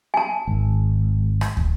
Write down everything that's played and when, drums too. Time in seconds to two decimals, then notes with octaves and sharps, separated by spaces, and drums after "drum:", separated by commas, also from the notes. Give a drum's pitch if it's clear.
0.14 G#5 A5
0.47 G#1
1.41 drum: rim click
1.57 drum: kick